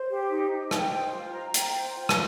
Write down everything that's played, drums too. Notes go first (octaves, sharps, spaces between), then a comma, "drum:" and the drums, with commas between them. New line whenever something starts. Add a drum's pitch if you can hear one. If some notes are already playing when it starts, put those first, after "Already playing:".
Already playing: C5
G4
D#4
D#4
G5, drum: rim click
C5
F4
A#5
G5, drum: hi-hat
C5
F4
drum: rim click